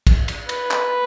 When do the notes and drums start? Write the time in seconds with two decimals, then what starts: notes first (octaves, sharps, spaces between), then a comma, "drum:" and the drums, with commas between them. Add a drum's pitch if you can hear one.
0.07 drum: kick, cymbal
0.28 drum: cymbal
0.49 B4, drum: cymbal
0.71 drum: clap